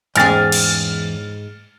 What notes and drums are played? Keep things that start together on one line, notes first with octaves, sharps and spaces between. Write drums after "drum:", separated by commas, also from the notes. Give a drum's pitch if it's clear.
E2 G#2 C#4 G#4 G5 G#5 F6 A6, drum: hi-hat
drum: cymbal